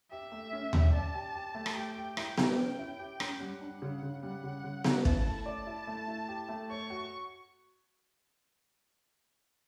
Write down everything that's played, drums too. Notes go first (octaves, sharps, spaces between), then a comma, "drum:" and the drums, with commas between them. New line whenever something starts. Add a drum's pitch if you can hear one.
G4 E5
A3
C#4
G4, drum: tom D#2
D5 A5
G4
G4
A3
drum: rim click
G4 G5
G4
E4 G5, drum: rim click
G4, drum: snare B3
C#4 G5
E4
G4
C#4, drum: rim click
G3 F#5
D4
C#3
C#3
G3 F#5
C#3
C#3
C#3, drum: snare B3
E4 A5, drum: kick
A3
D5 A5
E4
A3
E4
G4
A3
C#5 C#6
F#4